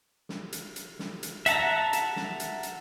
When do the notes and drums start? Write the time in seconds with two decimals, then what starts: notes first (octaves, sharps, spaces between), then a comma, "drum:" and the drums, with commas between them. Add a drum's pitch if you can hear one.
0.29 drum: snare
0.52 drum: hi-hat
0.76 drum: hi-hat
0.99 drum: snare
1.23 drum: hi-hat
1.46 E5 F#5 A5 A#5, drum: hi-hat
1.93 drum: hi-hat
2.16 drum: snare
2.40 drum: hi-hat
2.63 drum: hi-hat